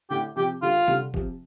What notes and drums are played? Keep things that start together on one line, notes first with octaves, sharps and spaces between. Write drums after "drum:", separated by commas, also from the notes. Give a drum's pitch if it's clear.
A2 D3 G4
C3 F3 G4
D3 G3 F4
D3 G3, drum: tom C3
C3 F3, drum: kick